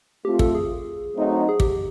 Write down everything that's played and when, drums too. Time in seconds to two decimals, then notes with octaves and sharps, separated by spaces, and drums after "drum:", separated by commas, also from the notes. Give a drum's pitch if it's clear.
0.25 A3 C4 F4 G4
0.39 A4, drum: kick
0.55 G#4
1.15 F#3 A3 C4 D#4 F#4
1.49 G#4
1.60 G4, drum: kick